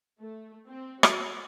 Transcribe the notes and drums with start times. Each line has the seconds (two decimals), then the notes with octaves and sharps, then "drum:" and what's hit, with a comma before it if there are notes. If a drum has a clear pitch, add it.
0.20 A3
0.68 C4
1.03 F#4, drum: rim click